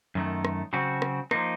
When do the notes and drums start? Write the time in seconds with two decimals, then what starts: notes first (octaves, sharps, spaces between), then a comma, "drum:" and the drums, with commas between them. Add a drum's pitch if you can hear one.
0.15 F#2 D#3 A3
0.45 drum: rim click
0.73 C#3 F#3 C4 F#4
1.02 drum: rim click
1.31 F3 A#3 D#4, drum: rim click